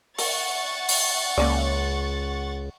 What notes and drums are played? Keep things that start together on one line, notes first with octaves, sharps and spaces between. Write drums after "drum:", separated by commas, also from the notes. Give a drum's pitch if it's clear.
A#4 F#5 C#6 A6, drum: open hi-hat
drum: open hi-hat
C#2 A#3 C#4 D5